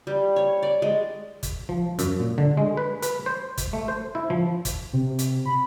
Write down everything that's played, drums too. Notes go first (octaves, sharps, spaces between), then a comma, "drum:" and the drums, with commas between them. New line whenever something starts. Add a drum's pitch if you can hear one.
G3
C#5
D5
G#3
drum: kick G1, hi-hat
F3
F#2, drum: hi-hat
A#2
D3
G#3
B4
B4, drum: hi-hat
C5
drum: kick G1, hi-hat
A3
C5
E4
F3
drum: kick G1, hi-hat
C3
drum: hi-hat
B5